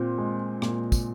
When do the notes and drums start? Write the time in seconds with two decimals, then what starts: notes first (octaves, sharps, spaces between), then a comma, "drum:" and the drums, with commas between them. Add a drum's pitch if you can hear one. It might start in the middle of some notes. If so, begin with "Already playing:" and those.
Already playing: A#2 C4
0.18 G#3
0.62 A#2, drum: rim click
0.92 drum: kick, tambourine